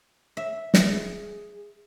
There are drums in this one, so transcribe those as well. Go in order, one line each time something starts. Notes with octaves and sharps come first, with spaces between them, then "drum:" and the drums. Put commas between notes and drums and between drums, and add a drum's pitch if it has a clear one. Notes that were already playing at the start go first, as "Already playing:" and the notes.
E5
drum: snare
G#4